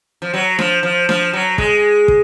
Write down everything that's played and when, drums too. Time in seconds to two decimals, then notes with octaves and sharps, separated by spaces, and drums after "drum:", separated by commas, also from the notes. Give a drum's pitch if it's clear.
0.22 F3
0.34 F#3
0.59 F3, drum: snare D4
0.83 F3
1.09 F3, drum: snare D4
1.33 F#3
1.58 G#3, drum: kick
2.08 drum: kick